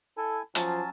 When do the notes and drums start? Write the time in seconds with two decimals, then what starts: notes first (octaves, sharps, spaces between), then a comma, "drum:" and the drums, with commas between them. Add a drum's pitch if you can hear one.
0.17 E4 A4 G#5
0.55 F3 F#3 C#4 A5, drum: hi-hat